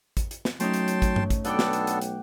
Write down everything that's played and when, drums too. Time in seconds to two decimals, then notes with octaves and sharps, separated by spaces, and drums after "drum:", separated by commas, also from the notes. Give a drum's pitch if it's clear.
0.17 drum: kick, hi-hat
0.31 drum: hi-hat
0.45 drum: snare
0.60 F#3 A3 C#4 D#4 G5 A5 C6, drum: hi-hat
0.74 drum: hi-hat
0.88 drum: hi-hat
1.02 drum: kick, hi-hat
1.16 drum: tom G2
1.30 drum: kick, hi-hat
1.45 B1 B3 D4 A4 F#5 G5 D6, drum: hi-hat
1.59 drum: snare
1.73 drum: hi-hat
1.87 drum: hi-hat
2.02 drum: hi-hat